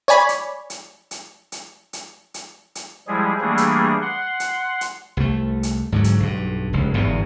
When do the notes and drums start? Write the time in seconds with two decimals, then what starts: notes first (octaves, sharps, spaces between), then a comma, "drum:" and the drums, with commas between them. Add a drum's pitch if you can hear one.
0.08 C#5 D5 G#5 B5
0.29 drum: hi-hat
0.70 drum: hi-hat
1.11 drum: hi-hat
1.52 drum: hi-hat
1.93 drum: hi-hat
2.34 drum: hi-hat
2.75 drum: hi-hat
3.07 F3 G3 G#3 E4 G#4
3.41 E3 G3 A3 A#3 D4 G#4
3.58 drum: hi-hat
4.02 F#5 C6
4.40 drum: hi-hat
4.81 drum: hi-hat
5.17 C2 A3
5.63 drum: hi-hat
5.92 G#2 D3 F3 F#3
6.04 drum: hi-hat
6.20 B1 G2
6.73 F1 C#2
6.94 G1 E2 G#2 B2